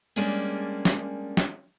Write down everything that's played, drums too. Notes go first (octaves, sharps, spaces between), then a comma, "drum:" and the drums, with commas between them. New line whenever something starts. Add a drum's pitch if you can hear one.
G3 G#3 A#3 C#4 D4 G#4
drum: snare
drum: snare